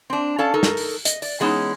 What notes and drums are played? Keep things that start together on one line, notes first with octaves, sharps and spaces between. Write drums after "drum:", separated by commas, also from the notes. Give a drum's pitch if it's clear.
C4 D4
C#4 A4 D5 F5 A5
D#4 A4 A#4
drum: snare
drum: open hi-hat
D#5, drum: hi-hat
D5, drum: open hi-hat
E3 G#3 B3 C#4 D#4